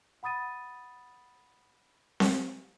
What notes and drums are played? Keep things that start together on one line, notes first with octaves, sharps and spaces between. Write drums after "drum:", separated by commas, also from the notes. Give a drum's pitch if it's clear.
F#5 B5 D#6 A6 D#7
drum: snare C4